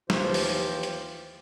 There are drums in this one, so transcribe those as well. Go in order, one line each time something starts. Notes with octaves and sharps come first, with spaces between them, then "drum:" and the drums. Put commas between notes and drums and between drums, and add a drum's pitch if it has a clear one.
D#2 E3 F3 F4 G4 C5, drum: snare
drum: open hi-hat
drum: hi-hat